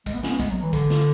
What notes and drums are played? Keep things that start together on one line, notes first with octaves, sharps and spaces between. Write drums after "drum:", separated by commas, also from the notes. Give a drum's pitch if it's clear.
G#3, drum: kick A#1, hi-hat
B3
C#4, drum: snare
B3
G#3, drum: kick A#1, hi-hat
F#3
E3
D3, drum: kick A#1, hi-hat
drum: snare